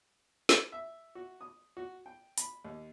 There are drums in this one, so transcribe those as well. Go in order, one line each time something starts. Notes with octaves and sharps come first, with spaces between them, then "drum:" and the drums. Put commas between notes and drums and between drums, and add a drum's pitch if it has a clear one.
drum: snare
E5
F#4
D#6
F#4
G5
B5, drum: hi-hat
D#2